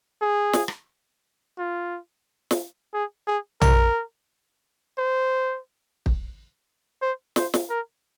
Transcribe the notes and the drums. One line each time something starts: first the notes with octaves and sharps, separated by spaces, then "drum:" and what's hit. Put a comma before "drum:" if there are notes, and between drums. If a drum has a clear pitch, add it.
G#4
drum: snare
drum: rim click
F4
drum: snare
G#4
G#4
A#4, drum: tom
C5
drum: kick
C5
C5, drum: snare
drum: snare
A#4